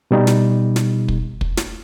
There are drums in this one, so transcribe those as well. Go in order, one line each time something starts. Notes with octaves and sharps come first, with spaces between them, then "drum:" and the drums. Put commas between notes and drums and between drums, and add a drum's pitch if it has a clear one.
B2 G3 D#4
drum: snare
drum: snare
drum: kick
drum: kick
drum: snare